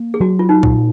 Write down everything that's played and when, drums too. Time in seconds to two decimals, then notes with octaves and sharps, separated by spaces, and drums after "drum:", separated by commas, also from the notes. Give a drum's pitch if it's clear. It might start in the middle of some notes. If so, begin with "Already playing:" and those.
Already playing: A#3
0.14 G#4
0.20 F#3 F#4
0.39 F4
0.49 D#4
0.63 A#2, drum: kick